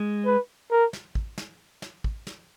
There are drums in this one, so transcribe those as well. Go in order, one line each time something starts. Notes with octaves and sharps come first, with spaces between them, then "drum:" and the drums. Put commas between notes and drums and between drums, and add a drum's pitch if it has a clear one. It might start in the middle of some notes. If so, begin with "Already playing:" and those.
Already playing: G#3
B4
A#4
drum: snare
drum: kick
drum: snare
drum: snare
drum: kick
drum: snare